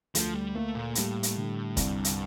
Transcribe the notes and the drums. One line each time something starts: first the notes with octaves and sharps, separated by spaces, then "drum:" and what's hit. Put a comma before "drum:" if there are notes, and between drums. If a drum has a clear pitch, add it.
D2 F3, drum: hi-hat
G3
A3 A#3
A#2
A2 G3, drum: hi-hat
drum: hi-hat
D3
C2 G2, drum: kick, hi-hat
drum: hi-hat